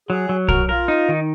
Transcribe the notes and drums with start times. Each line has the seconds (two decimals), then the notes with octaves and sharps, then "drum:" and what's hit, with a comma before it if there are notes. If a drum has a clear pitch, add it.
0.09 F#3 G#4
0.29 F#3
0.48 F#4 A#4, drum: kick
0.69 F4 A#4
0.88 D#4
1.09 D#3